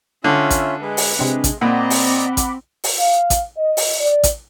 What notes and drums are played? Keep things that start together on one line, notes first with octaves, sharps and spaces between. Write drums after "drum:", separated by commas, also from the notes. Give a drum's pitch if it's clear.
D3 C#4 F4 E5
drum: kick A1, hi-hat
G#3 B4
drum: open hi-hat
C3 G#3 C4 D4
drum: kick A1, hi-hat
A#2 C4 D5 D#5 F#5 A#5 B5 D6
drum: open hi-hat
drum: kick A1, hi-hat
drum: open hi-hat
F5
drum: kick A1, hi-hat
D#5
drum: open hi-hat
D5
drum: kick A1, hi-hat